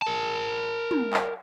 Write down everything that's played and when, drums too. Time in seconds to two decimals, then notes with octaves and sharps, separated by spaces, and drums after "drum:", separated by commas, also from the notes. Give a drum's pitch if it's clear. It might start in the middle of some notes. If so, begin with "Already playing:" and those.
0.02 A#4 A5
0.91 drum: tom
1.13 drum: clap